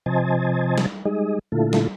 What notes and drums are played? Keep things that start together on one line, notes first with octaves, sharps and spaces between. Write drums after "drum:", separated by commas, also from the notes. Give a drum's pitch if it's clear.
C3 F3 C5 D#5 G#5 A5
drum: snare
G3 G#3 D#4 G#4 D#5
A#2 D3 A3 E4 F4 A4
drum: snare